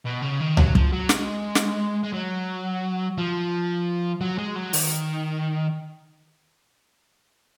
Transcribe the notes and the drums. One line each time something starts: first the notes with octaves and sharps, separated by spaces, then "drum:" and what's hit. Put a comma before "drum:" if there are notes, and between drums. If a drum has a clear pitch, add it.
B2
C#3
D#3
F#3, drum: tom C#2
F3, drum: kick
F#3
G#3, drum: snare
drum: snare
G#3
F#3
F3
F#3
G#3
F#3
D#3, drum: open hi-hat